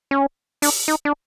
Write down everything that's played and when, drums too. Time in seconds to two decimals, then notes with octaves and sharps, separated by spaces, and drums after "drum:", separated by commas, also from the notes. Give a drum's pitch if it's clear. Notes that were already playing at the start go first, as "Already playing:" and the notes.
0.11 C#4
0.62 D4, drum: open hi-hat
0.88 D#4
1.05 D4